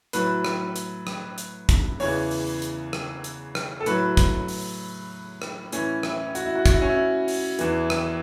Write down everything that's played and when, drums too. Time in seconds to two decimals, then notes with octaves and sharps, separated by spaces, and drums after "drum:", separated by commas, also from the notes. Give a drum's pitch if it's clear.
0.13 A2 F#3 B4, drum: hi-hat
0.45 drum: rim click
0.76 drum: hi-hat
1.07 drum: rim click
1.38 drum: hi-hat
1.69 drum: kick, hi-hat
2.00 E2 C#3 E3 C#5, drum: open hi-hat
2.31 drum: open hi-hat
2.62 drum: hi-hat
2.93 drum: rim click
3.24 drum: hi-hat
3.55 drum: rim click
3.80 A4
3.86 A2 F#3 B4, drum: hi-hat
4.17 drum: kick, hi-hat
4.48 drum: open hi-hat
5.42 drum: rim click
5.72 A2 E3 C#4, drum: hi-hat
6.03 E4, drum: rim click
6.35 F#4, drum: hi-hat
6.45 E4
6.55 F#4
6.66 F#4, drum: kick, hi-hat
6.73 E4
6.82 C#4
6.89 E4
7.28 drum: open hi-hat
7.59 E2 E3, drum: hi-hat
7.90 drum: rim click